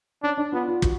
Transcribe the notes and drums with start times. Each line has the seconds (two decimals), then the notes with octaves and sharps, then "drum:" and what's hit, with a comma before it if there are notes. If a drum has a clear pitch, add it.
0.23 C#4 D4
0.38 D4
0.53 B3 F4
0.68 F4
0.82 F#4, drum: kick